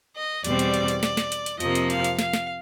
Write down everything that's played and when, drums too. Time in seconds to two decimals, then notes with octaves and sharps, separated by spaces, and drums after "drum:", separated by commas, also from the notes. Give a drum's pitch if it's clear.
0.16 D#5
0.44 E2 B2 G3 C4 D5, drum: hi-hat
0.59 drum: hi-hat
0.74 drum: hi-hat
0.88 drum: hi-hat
1.03 D5, drum: snare
1.17 drum: snare
1.32 drum: hi-hat
1.46 drum: hi-hat
1.60 F2 C3 F3 A#3 D#5, drum: hi-hat
1.75 drum: hi-hat
1.90 F5, drum: hi-hat
2.04 drum: hi-hat
2.19 F5, drum: snare
2.33 drum: snare